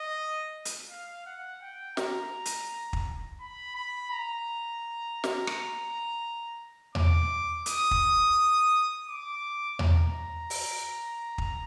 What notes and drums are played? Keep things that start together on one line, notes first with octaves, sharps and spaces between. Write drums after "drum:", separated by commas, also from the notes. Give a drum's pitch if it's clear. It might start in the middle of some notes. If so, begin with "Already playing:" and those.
Already playing: D#5
drum: hi-hat
F5
F#5
G5
A#5, drum: snare
drum: hi-hat
drum: kick
B5
B5
A#5
drum: snare
drum: rim click
D6, drum: tom E2
D#6, drum: hi-hat
drum: kick
D6
A#5, drum: tom E2
drum: open hi-hat
drum: kick